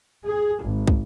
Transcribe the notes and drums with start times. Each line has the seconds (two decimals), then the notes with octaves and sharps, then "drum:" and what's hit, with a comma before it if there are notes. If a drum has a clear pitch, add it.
0.25 G#4
0.63 G#1
0.88 drum: kick